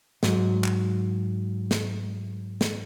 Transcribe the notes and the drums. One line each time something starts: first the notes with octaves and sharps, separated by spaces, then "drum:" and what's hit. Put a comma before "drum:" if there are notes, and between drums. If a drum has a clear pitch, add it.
G#2 F#3, drum: snare
drum: clap
drum: snare
drum: snare